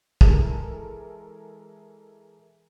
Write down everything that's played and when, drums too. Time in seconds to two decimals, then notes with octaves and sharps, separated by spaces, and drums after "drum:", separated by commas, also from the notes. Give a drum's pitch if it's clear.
0.21 E3 G#3 A4 A#4, drum: kick